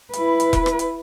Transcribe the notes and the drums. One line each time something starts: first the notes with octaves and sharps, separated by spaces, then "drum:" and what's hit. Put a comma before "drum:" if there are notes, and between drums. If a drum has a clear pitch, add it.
E4 B4, drum: hi-hat
drum: hi-hat
drum: kick E1, hi-hat
drum: rim click
drum: hi-hat